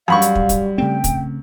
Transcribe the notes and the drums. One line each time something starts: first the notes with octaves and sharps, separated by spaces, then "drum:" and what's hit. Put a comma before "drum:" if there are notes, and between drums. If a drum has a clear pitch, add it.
F#2 G3 F5 B5 C#6
drum: hi-hat
drum: kick
drum: kick, hi-hat
C#3 A3 C4 G5
drum: kick, hi-hat